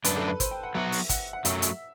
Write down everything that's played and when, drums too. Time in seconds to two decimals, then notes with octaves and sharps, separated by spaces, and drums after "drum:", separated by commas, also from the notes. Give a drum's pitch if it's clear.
0.04 F#2 D3 A3 D4 B4, drum: hi-hat
0.17 A4
0.28 B4
0.40 C5, drum: kick, hi-hat
0.51 G5
0.63 F#5
0.75 F#3 B3 F#4 E5
0.92 drum: open hi-hat
1.09 F#5, drum: kick, hi-hat
1.33 F#5
1.45 F#2 F#3 A3 E5, drum: hi-hat
1.62 drum: hi-hat